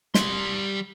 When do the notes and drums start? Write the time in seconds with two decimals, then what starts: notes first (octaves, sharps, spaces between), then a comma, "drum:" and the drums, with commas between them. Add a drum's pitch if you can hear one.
0.15 G3 C6, drum: snare